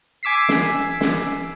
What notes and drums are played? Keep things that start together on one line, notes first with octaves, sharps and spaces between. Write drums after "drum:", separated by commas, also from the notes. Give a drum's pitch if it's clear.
G#5 D6 E6 B6 C7
drum: snare
drum: snare